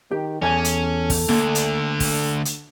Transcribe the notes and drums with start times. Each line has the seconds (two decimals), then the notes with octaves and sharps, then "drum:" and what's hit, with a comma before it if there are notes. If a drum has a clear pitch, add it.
0.12 D#3 G4
0.42 E2 C#4 A4 G#5
0.64 drum: hi-hat
1.10 drum: kick, open hi-hat
1.29 D2 D3 A#3
1.55 drum: hi-hat
2.00 drum: kick, open hi-hat
2.45 drum: hi-hat